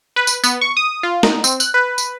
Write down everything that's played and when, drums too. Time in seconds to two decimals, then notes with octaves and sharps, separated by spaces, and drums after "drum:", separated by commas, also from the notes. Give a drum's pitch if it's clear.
0.16 B4
0.27 drum: tambourine
0.44 B3, drum: tambourine
0.61 C#6
0.77 D#6
1.03 F4
1.23 D#4, drum: snare
1.44 C4, drum: tambourine
1.60 F#6, drum: tambourine
1.74 B4
1.98 drum: tambourine